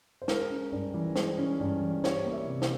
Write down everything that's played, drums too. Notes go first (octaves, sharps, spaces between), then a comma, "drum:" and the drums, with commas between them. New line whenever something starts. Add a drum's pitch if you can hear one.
C5
G#3 A#4, drum: snare
C#4
G2
E3
G#3, drum: snare
C#4
G2
E3
G3 C#5, drum: snare
A#3 C#5
E5
C3
drum: snare